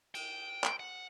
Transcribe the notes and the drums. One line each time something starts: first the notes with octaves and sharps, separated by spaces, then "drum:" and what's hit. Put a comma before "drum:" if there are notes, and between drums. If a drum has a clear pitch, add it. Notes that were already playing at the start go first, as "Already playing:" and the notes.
G5, drum: cymbal
drum: clap
F#5